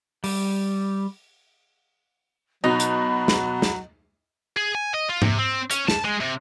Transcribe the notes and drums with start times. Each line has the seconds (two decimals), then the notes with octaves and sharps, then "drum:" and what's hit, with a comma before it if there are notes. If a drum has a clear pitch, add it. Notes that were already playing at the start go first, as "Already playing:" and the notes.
0.24 G3, drum: open hi-hat
2.64 B2 F#3 D#4 F#4 B5 A#6
2.80 drum: hi-hat
3.28 drum: snare
3.62 drum: snare
4.57 G#4
4.75 G#5
4.94 D#5
5.09 F4
5.22 C3, drum: tom G#2
5.38 C4
5.71 C#4, drum: hi-hat
5.88 A5, drum: snare
6.05 G#3
6.20 C3